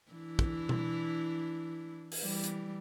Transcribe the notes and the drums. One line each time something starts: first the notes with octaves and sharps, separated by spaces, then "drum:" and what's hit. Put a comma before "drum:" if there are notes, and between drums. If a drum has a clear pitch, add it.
E3 D4 E4
drum: kick
drum: tom B2
drum: open hi-hat
E3 G3
drum: hi-hat